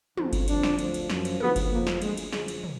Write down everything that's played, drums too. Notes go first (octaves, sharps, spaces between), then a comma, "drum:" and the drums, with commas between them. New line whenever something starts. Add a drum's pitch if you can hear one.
F2 D3 F3, drum: tom
drum: kick G1, cymbal
F2 D3 F3 D4, drum: cymbal
drum: snare
D2 D3 F3, drum: cymbal
drum: cymbal
F#2 F3, drum: snare
drum: cymbal
D2 D3 F3 B3, drum: tom
drum: kick G1, cymbal
F2 F3 A#3
drum: snare
D2 D3 F#3 G#3, drum: cymbal
drum: cymbal
F#2 D3 F3 G#3, drum: snare
drum: cymbal
drum: tom